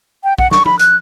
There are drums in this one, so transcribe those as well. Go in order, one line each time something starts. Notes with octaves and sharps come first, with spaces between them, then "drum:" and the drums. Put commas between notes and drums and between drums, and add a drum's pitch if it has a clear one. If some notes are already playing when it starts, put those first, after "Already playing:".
G5
F#5, drum: kick
C#6, drum: snare
B5, drum: tom
F#6, drum: hi-hat